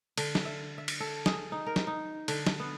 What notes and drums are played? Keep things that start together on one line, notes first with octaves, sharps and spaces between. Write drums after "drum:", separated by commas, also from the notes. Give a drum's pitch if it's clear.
D3, drum: cymbal
drum: snare
E5
E5
drum: cymbal
A4
G#4, drum: snare
D#4
A#4
drum: snare
D#4
D3, drum: cymbal
drum: snare
B3